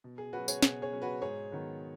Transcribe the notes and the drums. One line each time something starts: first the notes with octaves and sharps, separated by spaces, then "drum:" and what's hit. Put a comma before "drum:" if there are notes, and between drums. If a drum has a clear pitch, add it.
B2
G#4
F#3 C#4 F#4 B4
G#4 C#5, drum: tambourine
B2 G#4 C#5, drum: snare
G#4 C#5
F#3 C#4
F#4 B4
G#2 G#4 C#5
D#3 F#3 B3